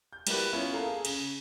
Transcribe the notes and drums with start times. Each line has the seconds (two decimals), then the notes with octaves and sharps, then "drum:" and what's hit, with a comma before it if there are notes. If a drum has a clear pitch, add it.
0.13 G6
0.27 G3 A#3 E4 F#4 B4, drum: cymbal
0.53 B3 C#4 E4 F4
0.73 A#3 A4 F5 A#5
0.86 G#4
1.05 C#3 G7, drum: cymbal